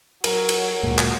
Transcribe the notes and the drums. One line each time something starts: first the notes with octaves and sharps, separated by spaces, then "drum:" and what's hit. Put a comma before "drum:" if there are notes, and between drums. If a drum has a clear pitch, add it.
F#3 A#4, drum: cymbal
drum: cymbal
D2 G2 A#2 F#3 G#3
drum: clap